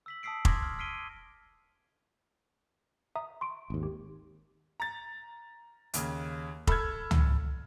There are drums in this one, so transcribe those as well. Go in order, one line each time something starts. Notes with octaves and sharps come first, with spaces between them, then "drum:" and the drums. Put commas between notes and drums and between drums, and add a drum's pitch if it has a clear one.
E6 B6 F#7
A5 D#6 E6 B6 C7 D7
C6 D6 D#6 G#6 A#6 B6, drum: kick
F6
F6 B6 C7 D7 D#7 G7
E5 A#5 D#6
C6 C#6 D7
G#1 D#2
G4
A#5 A6
D#2 C#3, drum: hi-hat
A4 B5 E6 F6 G#6, drum: kick
drum: tom C#2